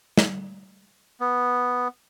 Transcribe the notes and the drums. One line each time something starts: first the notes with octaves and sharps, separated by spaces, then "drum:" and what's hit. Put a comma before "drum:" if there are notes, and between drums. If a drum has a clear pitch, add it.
drum: snare
B3